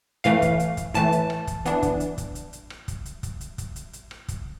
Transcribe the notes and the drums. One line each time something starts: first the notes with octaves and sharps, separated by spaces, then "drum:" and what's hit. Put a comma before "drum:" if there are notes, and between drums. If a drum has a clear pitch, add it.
A2 E3 A3 F5, drum: hi-hat
drum: kick, hi-hat
drum: hi-hat
drum: kick, hi-hat
A2 E3 A3 A5, drum: hi-hat
drum: hi-hat
drum: rim click
drum: kick, hi-hat
E3 B3 D4, drum: hi-hat
drum: kick, hi-hat
drum: hi-hat
drum: kick, hi-hat
drum: hi-hat
drum: hi-hat
drum: rim click
drum: kick, hi-hat
drum: hi-hat
drum: kick, hi-hat
drum: hi-hat
drum: kick, hi-hat
drum: hi-hat
drum: hi-hat
drum: rim click
drum: kick, hi-hat